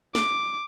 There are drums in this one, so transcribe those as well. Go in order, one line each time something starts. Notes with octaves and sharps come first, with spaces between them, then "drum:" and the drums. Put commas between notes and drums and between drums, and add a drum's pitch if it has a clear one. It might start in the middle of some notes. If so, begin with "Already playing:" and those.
D6, drum: snare